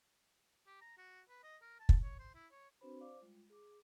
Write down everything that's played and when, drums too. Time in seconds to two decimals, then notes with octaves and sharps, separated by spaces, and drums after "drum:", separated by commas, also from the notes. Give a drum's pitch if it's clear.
0.66 G4
0.81 A#5
0.98 F#4
1.29 B4
1.43 D#5
1.62 A#4
1.80 A5
1.89 drum: kick
2.03 C#5
2.19 C5
2.35 E4
2.52 C#5
2.81 C4 D4 F#4 B4 C5 B5
3.00 C5 D5 F5 D6
3.21 G3 G#3 F4
3.50 G#4 D6